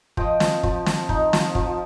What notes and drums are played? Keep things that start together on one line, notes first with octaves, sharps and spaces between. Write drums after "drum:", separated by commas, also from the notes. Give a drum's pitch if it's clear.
F3 D#5 G5, drum: kick
F3, drum: snare
F3, drum: kick
F3, drum: snare
D#4, drum: kick
F3, drum: snare
F3, drum: kick